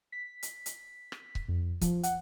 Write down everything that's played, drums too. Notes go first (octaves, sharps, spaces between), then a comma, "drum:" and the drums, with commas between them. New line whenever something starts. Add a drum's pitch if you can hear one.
B6
drum: hi-hat
drum: hi-hat
drum: rim click
drum: kick C#1
F2
F3, drum: kick C#1, hi-hat
F#5, drum: hi-hat